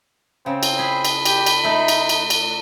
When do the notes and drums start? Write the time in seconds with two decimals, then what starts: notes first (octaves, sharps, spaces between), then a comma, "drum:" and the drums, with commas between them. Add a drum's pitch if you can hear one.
0.46 C#3 C4
0.63 drum: cymbal
0.79 G#4 B5
1.05 drum: cymbal
1.25 G4, drum: cymbal
1.46 drum: cymbal
1.64 A3 D#4
1.88 drum: cymbal
2.09 drum: cymbal
2.30 drum: cymbal